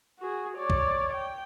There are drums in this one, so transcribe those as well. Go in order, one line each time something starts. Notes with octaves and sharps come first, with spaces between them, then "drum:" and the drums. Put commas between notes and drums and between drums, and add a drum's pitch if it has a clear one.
F#4 G#4
C#5 D5
drum: kick
G5